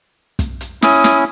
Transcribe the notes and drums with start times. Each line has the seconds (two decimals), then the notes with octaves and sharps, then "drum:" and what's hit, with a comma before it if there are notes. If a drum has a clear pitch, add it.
0.39 drum: kick, hi-hat
0.61 drum: hi-hat
0.82 C#4 E4 D#6, drum: snare
1.04 drum: snare